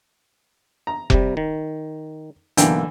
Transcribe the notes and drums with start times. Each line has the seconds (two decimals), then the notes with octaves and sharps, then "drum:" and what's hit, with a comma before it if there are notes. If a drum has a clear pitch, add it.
0.87 A#5
1.10 C3 G3, drum: kick F1
1.37 D#3
2.57 B1 D3 E3 A#3 E5 G5, drum: hi-hat